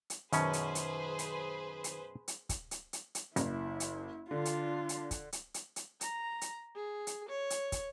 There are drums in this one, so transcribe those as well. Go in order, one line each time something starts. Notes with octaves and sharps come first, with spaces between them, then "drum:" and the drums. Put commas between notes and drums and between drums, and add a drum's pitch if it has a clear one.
drum: hi-hat
F#2 B2 D#3 C#4 G#4 B4 C5, drum: hi-hat
drum: hi-hat
drum: hi-hat
drum: hi-hat
drum: hi-hat
drum: hi-hat
drum: kick, hi-hat
drum: hi-hat
drum: hi-hat
drum: hi-hat
F#1 E4, drum: hi-hat
drum: hi-hat
D3 D4 F4
drum: hi-hat
drum: hi-hat
drum: kick, hi-hat
drum: hi-hat
drum: hi-hat
drum: hi-hat
A#5, drum: hi-hat
drum: hi-hat
G#4
drum: hi-hat
C#5
drum: hi-hat
drum: kick, hi-hat